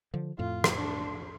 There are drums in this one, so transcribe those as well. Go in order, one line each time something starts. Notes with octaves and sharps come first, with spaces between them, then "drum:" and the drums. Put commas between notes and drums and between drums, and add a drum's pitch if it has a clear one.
D3 F3
F2 A2 F4
drum: rim click
D4